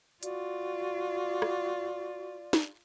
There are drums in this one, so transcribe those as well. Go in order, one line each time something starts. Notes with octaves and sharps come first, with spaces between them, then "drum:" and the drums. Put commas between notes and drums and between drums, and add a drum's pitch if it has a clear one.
F4 F#4 D5, drum: hi-hat
drum: rim click
drum: snare